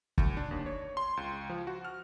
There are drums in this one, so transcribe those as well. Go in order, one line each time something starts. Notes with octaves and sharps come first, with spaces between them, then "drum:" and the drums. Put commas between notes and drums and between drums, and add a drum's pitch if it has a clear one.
D2, drum: kick
D4
D#2
C#5
C6
C#2
F3
F#4
F6